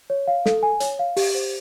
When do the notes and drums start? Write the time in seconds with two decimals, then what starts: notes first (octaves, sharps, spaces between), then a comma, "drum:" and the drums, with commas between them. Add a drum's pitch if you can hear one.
0.10 C#5
0.27 F5
0.46 A4, drum: snare
0.63 G#5
0.80 C#5, drum: hi-hat
0.99 F5
1.17 G4, drum: open hi-hat
1.35 C5